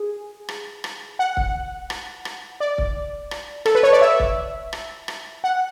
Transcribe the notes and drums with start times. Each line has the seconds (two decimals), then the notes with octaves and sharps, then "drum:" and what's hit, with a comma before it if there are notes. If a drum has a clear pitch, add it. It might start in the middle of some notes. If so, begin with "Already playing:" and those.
Already playing: G#4
0.49 drum: rim click
0.84 drum: rim click
1.19 F#5
1.37 drum: kick C#1
1.90 drum: rim click
2.25 drum: rim click
2.60 D5
2.78 drum: kick C#1
3.31 drum: rim click
3.66 A4, drum: rim click
3.75 B4
3.83 C#5
3.93 D5
4.01 E5
4.20 drum: kick C#1
4.73 drum: rim click
5.08 drum: rim click
5.44 F#5